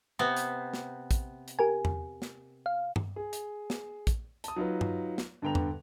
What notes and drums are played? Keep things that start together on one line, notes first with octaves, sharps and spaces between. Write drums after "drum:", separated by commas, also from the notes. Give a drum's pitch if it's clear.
C3 B3 C4
drum: hi-hat
drum: snare
drum: kick, hi-hat
drum: hi-hat
G4 A#4 G#5
drum: tom E2
drum: snare
F5
drum: tom G2
G#4
drum: hi-hat
drum: snare
drum: kick, hi-hat
A5 D#6, drum: hi-hat
F#3 D#4 F4 B4
drum: tom G2
drum: snare
G2 D3 B3 G5 A#5 F7
drum: tom E2